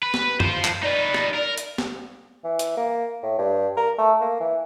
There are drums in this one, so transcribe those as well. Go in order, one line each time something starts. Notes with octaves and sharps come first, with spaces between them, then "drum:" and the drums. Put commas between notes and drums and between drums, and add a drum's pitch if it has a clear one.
B4
drum: snare
F4 C5, drum: tom F#2
drum: clap
D#4 B4 D5
drum: rim click
A#4
drum: hi-hat
drum: snare
E3
drum: hi-hat
A#3
A2
G2
A#4
A3
A#3
E3